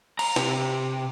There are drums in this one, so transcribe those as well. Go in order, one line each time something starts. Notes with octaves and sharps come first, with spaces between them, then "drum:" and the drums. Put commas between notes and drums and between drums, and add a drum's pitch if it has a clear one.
A#5, drum: cymbal
C3, drum: snare